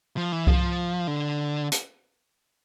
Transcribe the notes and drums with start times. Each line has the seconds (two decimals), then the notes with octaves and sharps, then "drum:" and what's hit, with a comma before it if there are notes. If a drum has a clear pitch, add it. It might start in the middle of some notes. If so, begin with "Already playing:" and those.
0.17 F3
0.32 E3
0.47 F3, drum: kick C2
1.07 D3
1.72 drum: hi-hat